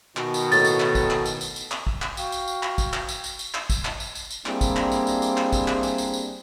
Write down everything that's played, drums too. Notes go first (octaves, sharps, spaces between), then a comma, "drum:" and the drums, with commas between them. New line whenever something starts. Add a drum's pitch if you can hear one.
B2 D#3 F#4, drum: clap
drum: tambourine
A2 A6, drum: tambourine
drum: tambourine
drum: clap
drum: kick, tambourine
drum: clap
drum: tambourine
drum: tambourine
drum: tambourine
drum: clap
drum: kick
drum: clap
F#4 F5 G5, drum: tambourine
drum: tambourine
drum: tambourine
drum: clap
drum: kick, tambourine
drum: clap
drum: tambourine
drum: tambourine
drum: tambourine
drum: clap
drum: kick, tambourine
drum: clap
drum: tambourine
drum: tambourine
drum: tambourine
G3 A#3 C4 D4 E4 G#4, drum: clap
drum: kick, tambourine
drum: clap
drum: tambourine
drum: tambourine
drum: tambourine
drum: clap
drum: kick, tambourine
drum: clap
drum: tambourine
drum: tambourine
drum: tambourine